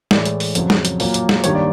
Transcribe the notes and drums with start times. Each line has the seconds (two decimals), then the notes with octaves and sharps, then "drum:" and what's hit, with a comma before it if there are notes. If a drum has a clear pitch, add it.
0.11 A2 E3 G#3 D5, drum: snare
0.25 drum: hi-hat
0.40 drum: open hi-hat
0.55 F2 C#3 F#3, drum: hi-hat
0.70 drum: snare
0.85 drum: hi-hat
1.00 A#2 F#3 A#3, drum: open hi-hat
1.14 drum: hi-hat
1.29 drum: snare
1.44 G2 D#3 G3 A#3 C#5, drum: hi-hat
1.55 D5